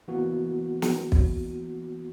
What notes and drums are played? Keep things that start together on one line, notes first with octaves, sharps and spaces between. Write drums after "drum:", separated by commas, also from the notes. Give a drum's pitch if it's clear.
E3 A#3 B3 F#4
drum: snare
drum: kick